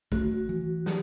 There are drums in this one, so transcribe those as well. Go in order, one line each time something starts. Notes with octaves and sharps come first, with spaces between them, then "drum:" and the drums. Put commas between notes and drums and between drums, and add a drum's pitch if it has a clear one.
A3 F#4, drum: kick
E3
G4, drum: snare